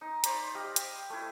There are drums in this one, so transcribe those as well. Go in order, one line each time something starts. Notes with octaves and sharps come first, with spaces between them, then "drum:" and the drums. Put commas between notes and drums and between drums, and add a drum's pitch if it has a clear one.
D#4
C5 D5 B5, drum: hi-hat
G4 D#5 F5
drum: hi-hat
A3 E4